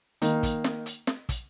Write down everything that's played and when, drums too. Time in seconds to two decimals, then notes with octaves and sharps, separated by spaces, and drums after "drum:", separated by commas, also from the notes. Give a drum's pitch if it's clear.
0.22 D#3 A#3 D#4, drum: hi-hat
0.43 drum: kick, hi-hat
0.64 drum: snare
0.86 drum: hi-hat
1.07 drum: snare
1.29 drum: kick, hi-hat